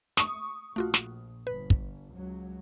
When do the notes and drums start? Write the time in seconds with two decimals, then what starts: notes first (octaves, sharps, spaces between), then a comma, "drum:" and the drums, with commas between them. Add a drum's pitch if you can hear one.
0.17 C#6 D#6, drum: snare
0.76 A#1 A3 F4 F#4
0.94 drum: snare
1.47 G1 B4
1.70 drum: kick
2.14 C#2 F#3